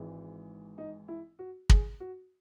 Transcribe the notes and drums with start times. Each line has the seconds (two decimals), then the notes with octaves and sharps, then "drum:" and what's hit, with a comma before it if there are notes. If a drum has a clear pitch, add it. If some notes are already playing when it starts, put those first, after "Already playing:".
Already playing: G#1 G#2 E3
0.78 D#4
1.08 E4
1.39 F#4
1.70 G#4, drum: kick
2.00 F#4